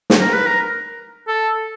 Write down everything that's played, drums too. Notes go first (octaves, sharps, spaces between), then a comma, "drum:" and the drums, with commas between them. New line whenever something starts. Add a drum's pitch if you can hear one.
drum: snare
A#4
B4
A#4
A4